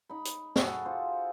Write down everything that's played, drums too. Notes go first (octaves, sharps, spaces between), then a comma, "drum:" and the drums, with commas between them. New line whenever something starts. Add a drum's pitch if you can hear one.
D#4 B5
drum: hi-hat
F#4 G#4 A4, drum: snare
F4 C5